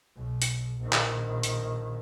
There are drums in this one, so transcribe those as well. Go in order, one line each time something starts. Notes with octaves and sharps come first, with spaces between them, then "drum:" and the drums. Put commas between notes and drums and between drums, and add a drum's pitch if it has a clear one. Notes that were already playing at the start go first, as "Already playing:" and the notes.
B1
drum: hi-hat
A#1 D#3
drum: clap
drum: hi-hat